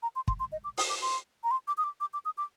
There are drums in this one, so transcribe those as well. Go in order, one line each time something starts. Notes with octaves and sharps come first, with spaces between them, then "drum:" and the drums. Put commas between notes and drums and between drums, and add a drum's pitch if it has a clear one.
A#5
C6
C6, drum: kick
C6
D#5
D6
D#6, drum: open hi-hat
D6
C6
A#5
C6
D6
D#6
D6
D6
D6
D#6
D6